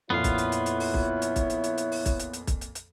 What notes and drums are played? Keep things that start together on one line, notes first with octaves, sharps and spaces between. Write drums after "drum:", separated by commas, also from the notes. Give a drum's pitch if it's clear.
F2 A#2 B3 E4 F4 C#5 F5
drum: kick, hi-hat
drum: hi-hat
drum: hi-hat
drum: hi-hat
drum: open hi-hat
drum: kick
drum: hi-hat
drum: kick, hi-hat
drum: hi-hat
drum: hi-hat
drum: hi-hat
drum: open hi-hat
drum: kick, hi-hat
drum: hi-hat
drum: hi-hat
drum: kick, hi-hat
drum: hi-hat
drum: hi-hat